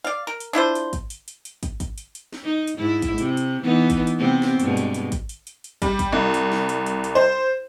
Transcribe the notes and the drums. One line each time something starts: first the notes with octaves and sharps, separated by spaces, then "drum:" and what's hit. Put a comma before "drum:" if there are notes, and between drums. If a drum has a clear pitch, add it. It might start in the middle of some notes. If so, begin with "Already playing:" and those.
D5 F5
A#4
drum: hi-hat
D4 E4 F4 C5
drum: hi-hat
drum: kick, hi-hat
drum: hi-hat
drum: hi-hat
drum: hi-hat
drum: kick, hi-hat
drum: kick, hi-hat
drum: hi-hat
drum: hi-hat
drum: snare
D#4
drum: hi-hat
G#2 E4
drum: kick, hi-hat
C3, drum: hi-hat
drum: hi-hat
E3 B3 D#4
drum: kick, hi-hat
drum: hi-hat
C3 B3 C4
drum: snare
G2 B2 G#3, drum: hi-hat
drum: hi-hat
drum: hi-hat
drum: kick, hi-hat
drum: hi-hat
drum: hi-hat
drum: hi-hat
G3, drum: kick, hi-hat
drum: kick, hi-hat
C2
drum: hi-hat
drum: snare
drum: hi-hat
drum: hi-hat
drum: hi-hat
C5